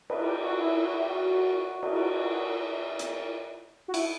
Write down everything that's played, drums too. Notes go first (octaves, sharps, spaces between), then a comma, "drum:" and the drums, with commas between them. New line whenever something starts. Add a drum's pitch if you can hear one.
B4, drum: cymbal
G4
F#4
E4
E4
F#4
E4
G4
F#4
drum: cymbal
drum: hi-hat
F#4
E4, drum: cymbal